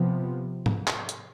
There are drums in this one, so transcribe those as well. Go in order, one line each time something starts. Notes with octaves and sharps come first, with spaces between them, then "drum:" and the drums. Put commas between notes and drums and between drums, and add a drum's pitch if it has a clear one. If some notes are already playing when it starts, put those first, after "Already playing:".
Already playing: C3 F3 B3
drum: tom G#2
drum: clap
drum: hi-hat